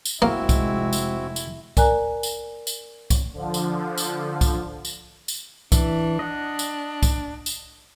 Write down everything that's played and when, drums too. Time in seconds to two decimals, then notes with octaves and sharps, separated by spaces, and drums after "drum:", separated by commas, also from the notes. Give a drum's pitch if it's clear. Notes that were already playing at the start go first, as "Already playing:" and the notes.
0.05 drum: tambourine
0.22 F1 C3 G#3 A#3 C4 E4 F#4
0.49 drum: kick C2, tambourine
0.93 drum: tambourine
1.36 drum: tambourine
1.77 A#4 D5 G#5 A#5 F#6, drum: kick C2, tambourine
2.23 drum: tambourine
2.67 drum: tambourine
3.10 drum: kick C2, tambourine
3.33 D3 F3
3.54 drum: tambourine
3.98 drum: tambourine
4.41 drum: kick C2, tambourine
4.85 drum: tambourine
5.28 drum: tambourine
5.72 E3 D4, drum: kick C2, tambourine
6.19 D#5 F#5
6.59 drum: tambourine
7.03 drum: kick C2, tambourine
7.46 drum: tambourine